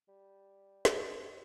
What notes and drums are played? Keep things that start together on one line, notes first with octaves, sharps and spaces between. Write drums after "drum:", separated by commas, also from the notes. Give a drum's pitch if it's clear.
G3
drum: snare